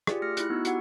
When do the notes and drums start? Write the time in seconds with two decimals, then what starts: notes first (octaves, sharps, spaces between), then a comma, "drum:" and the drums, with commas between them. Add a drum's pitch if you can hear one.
0.07 F4 G4 G#4 D5, drum: rim click
0.22 A3 F6 A#6 C#7
0.37 E4 F#6, drum: hi-hat
0.50 B3 D#4 F#4 E6
0.65 F#4 G4 F#5, drum: hi-hat